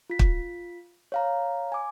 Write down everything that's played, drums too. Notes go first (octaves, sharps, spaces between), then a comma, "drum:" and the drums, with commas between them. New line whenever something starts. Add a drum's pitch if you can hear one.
F4 B6
drum: kick
C#5 F5 A#5
G#5 D6